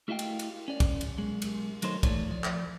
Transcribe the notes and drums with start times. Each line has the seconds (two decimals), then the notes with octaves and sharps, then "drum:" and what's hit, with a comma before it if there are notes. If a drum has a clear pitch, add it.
0.08 A3 E4 F#4 D#5 F5 G5
0.19 drum: cymbal
0.39 drum: cymbal
0.68 C#4 D5
0.80 drum: kick, cymbal
1.01 drum: cymbal
1.18 B1 G#3
1.42 drum: cymbal
1.82 D#3 F#3 A3 D#4 C5 C#5, drum: cymbal
2.03 E3 A3 D#4 C#5 D5, drum: kick, cymbal
2.28 F3 D5
2.44 drum: clap